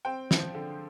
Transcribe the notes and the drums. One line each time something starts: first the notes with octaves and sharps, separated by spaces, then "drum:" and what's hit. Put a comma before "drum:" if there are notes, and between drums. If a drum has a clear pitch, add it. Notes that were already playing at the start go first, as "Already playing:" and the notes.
C4 G5
F3, drum: snare
D3